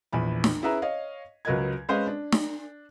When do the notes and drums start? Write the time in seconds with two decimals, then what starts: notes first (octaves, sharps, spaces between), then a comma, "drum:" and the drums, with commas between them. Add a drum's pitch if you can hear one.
0.13 A#1 E2 B5
0.44 drum: snare
0.62 C#4 E4 G#4 B4 E5 A#5
0.82 C#5 D#5 F5
1.45 C#2 F#3 A#4 B4 D#5 G#6
1.89 G#3 C#4 B4 C5 D#5 F5
2.07 D4
2.33 drum: snare